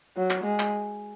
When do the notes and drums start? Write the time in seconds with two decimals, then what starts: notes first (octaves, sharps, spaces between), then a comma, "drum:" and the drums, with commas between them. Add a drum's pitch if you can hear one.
0.17 F#3
0.30 drum: clap
0.44 G#3
0.60 drum: clap